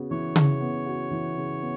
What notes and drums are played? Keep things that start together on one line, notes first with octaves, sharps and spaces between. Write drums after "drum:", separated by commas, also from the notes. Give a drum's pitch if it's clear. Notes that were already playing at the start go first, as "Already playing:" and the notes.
Already playing: C#3 B3 F#4
E3 C#5
C#3, drum: tom C#3
B3
F#4
E3
C#3
B3